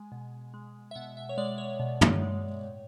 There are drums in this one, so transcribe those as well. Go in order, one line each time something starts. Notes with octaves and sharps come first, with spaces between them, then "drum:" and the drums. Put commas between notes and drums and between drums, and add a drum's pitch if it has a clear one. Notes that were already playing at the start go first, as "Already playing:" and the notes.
Already playing: G#3 G#5
B2
G#3
E5
B2 F#5
E5
C#5
G#3 D5
C#5
B2
drum: tom
G#3
A2